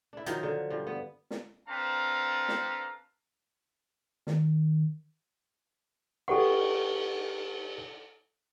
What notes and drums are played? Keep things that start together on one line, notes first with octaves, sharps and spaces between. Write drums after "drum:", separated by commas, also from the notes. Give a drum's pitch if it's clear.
D4 E4
D#3 F3 F#3 D#4, drum: hi-hat
D3
G2 F3
B3
drum: snare
C4 D4 A4 B4 F5 A#5
drum: snare
D#3, drum: snare
G4 A4 B4 F#5 C#6, drum: cymbal